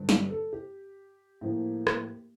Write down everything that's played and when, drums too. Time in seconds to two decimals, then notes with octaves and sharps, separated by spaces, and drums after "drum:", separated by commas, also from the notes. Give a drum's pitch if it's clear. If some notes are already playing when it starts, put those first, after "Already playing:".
Already playing: G2 D3 F3
0.09 G4, drum: snare
0.31 A4
0.53 G4
1.41 A2 F3 A#3
1.87 drum: rim click